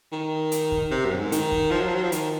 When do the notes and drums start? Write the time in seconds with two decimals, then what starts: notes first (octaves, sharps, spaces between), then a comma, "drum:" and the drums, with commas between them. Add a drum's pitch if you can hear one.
0.12 D#3
0.52 drum: hi-hat
0.72 drum: kick
0.91 C3
1.06 F#2
1.19 G#2
1.32 D#3, drum: hi-hat
1.52 drum: kick
1.71 F3
1.80 F#3
1.88 F3
1.95 F#3
2.04 F3
2.12 D#3, drum: hi-hat